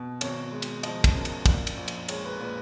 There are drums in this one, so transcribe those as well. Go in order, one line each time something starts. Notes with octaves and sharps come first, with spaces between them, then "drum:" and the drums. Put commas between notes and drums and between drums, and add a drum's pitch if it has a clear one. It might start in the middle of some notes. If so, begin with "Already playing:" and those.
Already playing: B2
G#1 C#5, drum: cymbal
G#3
drum: cymbal
F3 D#5, drum: cymbal
drum: kick, cymbal
F#2
drum: cymbal
A#1, drum: kick, cymbal
drum: cymbal
A#1
drum: cymbal
G#3 C#5, drum: cymbal
B4
A#2 B4